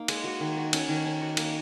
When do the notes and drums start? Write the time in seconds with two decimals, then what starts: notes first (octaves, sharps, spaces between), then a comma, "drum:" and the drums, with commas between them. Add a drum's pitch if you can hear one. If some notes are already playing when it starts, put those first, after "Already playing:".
Already playing: A#3 D#4
0.08 G#3, drum: cymbal
0.24 F#4
0.41 D#3
0.57 F#4
0.73 C#4, drum: cymbal
0.89 D#3
1.06 C#4
1.22 F#4
1.37 A#3, drum: cymbal